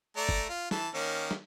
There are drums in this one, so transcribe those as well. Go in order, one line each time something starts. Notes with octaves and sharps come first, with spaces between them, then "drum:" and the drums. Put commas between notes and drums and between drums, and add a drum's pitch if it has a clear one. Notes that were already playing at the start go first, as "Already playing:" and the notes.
A3 D5 A#5
drum: kick
F4
E3 A5, drum: snare
D#3 A#3 C#4
drum: snare